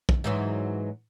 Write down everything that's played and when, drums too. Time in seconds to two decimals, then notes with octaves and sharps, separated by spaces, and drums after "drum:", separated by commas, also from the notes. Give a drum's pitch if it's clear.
0.09 drum: kick
0.24 G#2 E3 F#3